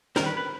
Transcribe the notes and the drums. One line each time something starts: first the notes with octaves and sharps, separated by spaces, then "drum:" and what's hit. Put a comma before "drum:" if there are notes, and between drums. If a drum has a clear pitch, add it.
D#3 G3 C4 A#4, drum: snare
B4
B4